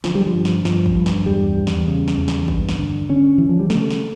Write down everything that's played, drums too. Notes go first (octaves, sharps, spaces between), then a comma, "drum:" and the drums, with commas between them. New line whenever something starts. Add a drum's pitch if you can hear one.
D3 F3, drum: snare
G3
F3
G2
drum: snare
G2 F3, drum: snare
drum: kick
G2
drum: snare
E2 G3
E2
drum: snare
C#3
drum: snare
E2
drum: snare
G2, drum: kick
drum: snare
D3
D3 C#4
D3 E3
F3
G3
C#3 A3, drum: snare
drum: snare